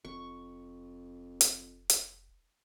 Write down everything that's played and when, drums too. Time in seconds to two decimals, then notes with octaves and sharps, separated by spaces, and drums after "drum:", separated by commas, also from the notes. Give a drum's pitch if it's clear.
0.05 F1 F2 C#6
1.41 drum: hi-hat
1.90 drum: hi-hat